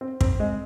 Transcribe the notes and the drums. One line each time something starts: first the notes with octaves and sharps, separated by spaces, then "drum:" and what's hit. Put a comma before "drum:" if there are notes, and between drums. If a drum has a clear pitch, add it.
C4
C4, drum: kick
G#3